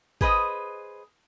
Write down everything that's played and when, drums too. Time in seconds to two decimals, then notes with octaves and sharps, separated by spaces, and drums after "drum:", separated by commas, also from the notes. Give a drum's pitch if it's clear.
0.21 G#4 B4 C5 D#5, drum: kick